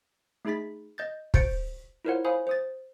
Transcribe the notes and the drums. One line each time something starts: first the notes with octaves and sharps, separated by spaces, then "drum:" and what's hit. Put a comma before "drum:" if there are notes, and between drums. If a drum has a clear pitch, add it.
A3 D#4 G#4 B5 A6 B6
D#5 G6 A6
F#4 C5 G6 A6 C#7 D7, drum: kick
E4 F4 A#4 C5 C#5 F#5
C5 C#5 F5 G#5 B5 D#6
C5 D#6 A6